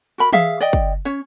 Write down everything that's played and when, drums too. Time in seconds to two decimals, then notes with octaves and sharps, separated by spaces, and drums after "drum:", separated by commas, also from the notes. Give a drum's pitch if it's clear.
0.18 F#4 A#4 B5
0.33 G#4 E5 F5, drum: tom E3
0.60 D5 D#5 G5
0.73 drum: kick
1.05 C#4 C#5